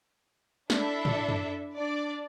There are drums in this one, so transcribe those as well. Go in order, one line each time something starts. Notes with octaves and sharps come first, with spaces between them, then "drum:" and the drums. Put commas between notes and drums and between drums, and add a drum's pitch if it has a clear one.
D4 E4 A4 E5, drum: snare
drum: tom
drum: tom F#2
D4 D5